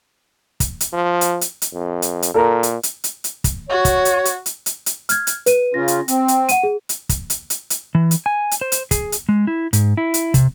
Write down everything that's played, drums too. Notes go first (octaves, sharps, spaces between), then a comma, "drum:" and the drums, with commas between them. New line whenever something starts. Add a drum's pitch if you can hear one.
drum: kick, hi-hat
drum: hi-hat
F3
drum: hi-hat
drum: hi-hat
drum: hi-hat
F2
drum: hi-hat
drum: hi-hat
A#2 A4 A#4 A#5
drum: hi-hat
drum: hi-hat
drum: hi-hat
drum: hi-hat
drum: kick, hi-hat
F#4 C#5
drum: kick, hi-hat
drum: hi-hat
drum: hi-hat
drum: hi-hat
drum: hi-hat
drum: hi-hat
F6 G#6, drum: hi-hat
drum: hi-hat
B4 D#7, drum: hi-hat
C#3 C#4 F4 A#6
drum: hi-hat
C4, drum: hi-hat
drum: hi-hat
F#5 D#7, drum: hi-hat
G#4
drum: hi-hat
drum: kick, hi-hat
drum: hi-hat
drum: hi-hat
drum: hi-hat
E3
drum: hi-hat
G#5
drum: hi-hat
C5
drum: hi-hat
G#4, drum: kick, hi-hat
drum: hi-hat
G#3
E4
G#2, drum: hi-hat
E4
drum: hi-hat
C3, drum: kick, hi-hat